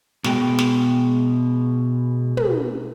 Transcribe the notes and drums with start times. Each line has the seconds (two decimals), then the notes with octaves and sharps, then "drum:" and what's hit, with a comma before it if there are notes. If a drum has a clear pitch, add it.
0.24 B2 G#3 G5, drum: snare
0.59 drum: snare
2.37 drum: tom